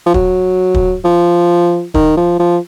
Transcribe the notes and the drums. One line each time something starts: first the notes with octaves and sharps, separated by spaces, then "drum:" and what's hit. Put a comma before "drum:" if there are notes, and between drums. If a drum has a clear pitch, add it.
F3
F#3, drum: kick
drum: kick
F3
D#3, drum: kick
F3
F3